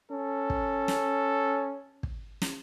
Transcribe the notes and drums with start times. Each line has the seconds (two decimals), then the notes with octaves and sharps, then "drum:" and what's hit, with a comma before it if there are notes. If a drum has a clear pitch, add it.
0.11 C#4 A4
0.50 drum: kick
0.88 drum: snare
2.03 drum: kick
2.42 drum: snare